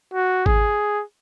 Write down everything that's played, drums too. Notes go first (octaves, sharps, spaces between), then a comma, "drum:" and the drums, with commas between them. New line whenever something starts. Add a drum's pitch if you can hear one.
F#4
G#4, drum: kick G#1